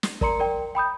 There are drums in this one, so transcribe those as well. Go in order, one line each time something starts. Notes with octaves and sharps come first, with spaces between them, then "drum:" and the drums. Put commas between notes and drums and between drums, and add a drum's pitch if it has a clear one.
drum: snare
A#4 D5 A#5 C6 C#7, drum: kick
A#4 D5 G5
G5 B5 D#6 G6